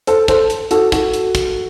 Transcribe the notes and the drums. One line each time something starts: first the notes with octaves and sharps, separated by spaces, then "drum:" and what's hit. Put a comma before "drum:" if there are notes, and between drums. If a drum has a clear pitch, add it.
A4 C5, drum: hi-hat
A4 C5, drum: kick, hi-hat
drum: hi-hat
F#4 A4, drum: hi-hat
F#4 A4, drum: kick, hi-hat
drum: hi-hat
drum: kick, hi-hat